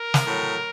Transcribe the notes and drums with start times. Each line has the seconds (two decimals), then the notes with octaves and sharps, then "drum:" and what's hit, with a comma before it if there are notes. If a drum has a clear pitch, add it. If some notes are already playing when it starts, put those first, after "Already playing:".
Already playing: A#4
0.14 drum: snare
0.26 A2 F#3